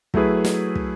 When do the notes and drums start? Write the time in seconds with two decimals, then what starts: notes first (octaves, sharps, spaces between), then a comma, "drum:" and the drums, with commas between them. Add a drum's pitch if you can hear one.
0.14 F#3 A3 E4 G#4 B4, drum: kick
0.45 drum: snare
0.75 drum: kick